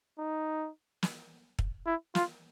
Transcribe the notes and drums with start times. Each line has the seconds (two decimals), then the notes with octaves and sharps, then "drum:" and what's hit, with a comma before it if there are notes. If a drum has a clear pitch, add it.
0.19 D#4
1.03 drum: snare
1.59 drum: kick
1.86 E4
2.15 F4, drum: snare